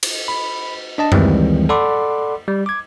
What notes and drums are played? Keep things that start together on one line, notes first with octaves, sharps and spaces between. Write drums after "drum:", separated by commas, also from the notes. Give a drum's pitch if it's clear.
drum: cymbal
B5
D4 D#5 A5
D2 D#3 E3 G3 G#3 C4, drum: tom F#2
A4 D5 F#5 B5 C6 D6
G3
D6 G#6